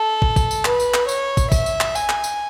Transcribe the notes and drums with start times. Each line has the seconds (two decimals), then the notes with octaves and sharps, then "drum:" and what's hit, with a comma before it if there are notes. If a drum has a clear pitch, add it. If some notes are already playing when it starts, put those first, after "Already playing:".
Already playing: A4
0.22 drum: kick
0.36 drum: kick, tambourine
0.51 drum: tambourine
0.65 B4, drum: clap
0.80 drum: tambourine
0.94 drum: clap
1.09 C#5, drum: tambourine
1.37 drum: kick, tambourine
1.52 E5, drum: kick, tambourine
1.66 drum: tambourine
1.80 drum: clap
1.95 G#5, drum: tambourine
2.09 drum: clap
2.24 drum: tambourine